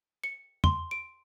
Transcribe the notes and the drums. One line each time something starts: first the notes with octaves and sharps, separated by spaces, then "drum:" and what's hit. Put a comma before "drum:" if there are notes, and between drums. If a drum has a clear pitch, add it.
C#7
C6, drum: tom
D7